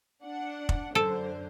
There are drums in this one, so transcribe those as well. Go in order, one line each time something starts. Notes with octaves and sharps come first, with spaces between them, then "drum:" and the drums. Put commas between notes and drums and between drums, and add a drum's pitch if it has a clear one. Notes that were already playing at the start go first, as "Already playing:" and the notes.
D4 F#5
drum: kick F1
F#2 D3 A4 C5